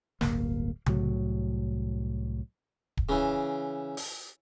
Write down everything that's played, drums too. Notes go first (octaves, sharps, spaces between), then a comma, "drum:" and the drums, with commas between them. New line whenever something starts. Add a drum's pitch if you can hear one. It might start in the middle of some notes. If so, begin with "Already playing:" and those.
D1 G1 A#3, drum: snare
C2 A2 F#3, drum: tom C#3
drum: kick D1
C#3 E3
drum: open hi-hat